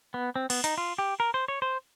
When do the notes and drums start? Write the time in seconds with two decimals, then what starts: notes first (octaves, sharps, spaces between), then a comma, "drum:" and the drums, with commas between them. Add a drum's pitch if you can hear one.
0.14 B3
0.36 C4
0.50 B3, drum: cymbal
0.64 D#4, drum: hi-hat
0.78 F4
0.98 G4
1.20 A#4
1.34 C5
1.48 C#5
1.62 C5